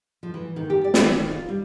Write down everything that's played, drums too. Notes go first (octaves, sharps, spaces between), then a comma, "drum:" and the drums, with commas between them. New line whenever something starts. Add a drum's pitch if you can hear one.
F3
E3
D#3
G4
D5
drum: snare
D#3
F4
G3